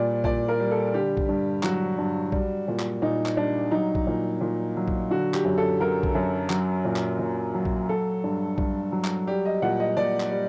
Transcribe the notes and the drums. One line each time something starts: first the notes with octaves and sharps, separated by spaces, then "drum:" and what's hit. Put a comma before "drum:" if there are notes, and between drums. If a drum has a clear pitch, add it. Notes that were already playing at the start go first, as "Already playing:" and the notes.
Already playing: A#2 G3 D5
A#2 D5, drum: kick A#1
A#4
G3
A4
D3 G4
drum: kick A#1
G2
F#3 F#4, drum: clap
G2
G3, drum: kick A#1
A#2
drum: clap
A#2 D#4
drum: clap
G3 D4
F#3 D#4
drum: kick A#1
A#2
A#2
F#3
drum: kick A#1
D3 F#4
G4, drum: clap
F#2
A4
F#3 A#4
drum: kick A#1
F#2
F#3, drum: clap
A#2
drum: clap
A#2
F#3
drum: kick A#1
F#3 A4
G2
G2, drum: kick A#1
F#3
drum: clap
G3 G4
D#5
A#2 F#5
D#5
A#2 D5
drum: clap
G3